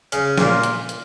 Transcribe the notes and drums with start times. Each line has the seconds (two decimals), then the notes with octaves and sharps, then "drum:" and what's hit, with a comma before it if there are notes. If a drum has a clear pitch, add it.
0.12 C#3 C#4, drum: hi-hat
0.38 A#2 A#3, drum: snare
0.63 drum: hi-hat
0.89 drum: hi-hat